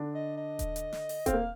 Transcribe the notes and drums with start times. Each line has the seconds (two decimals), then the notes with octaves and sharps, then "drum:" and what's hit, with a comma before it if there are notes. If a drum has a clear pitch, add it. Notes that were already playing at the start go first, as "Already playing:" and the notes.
Already playing: D3 D4
0.14 D#5
0.37 D#5
0.59 drum: kick D#1, hi-hat
0.76 drum: hi-hat
0.92 drum: snare
1.09 drum: open hi-hat
1.26 C4 F5, drum: kick D#1, hi-hat
1.34 A#3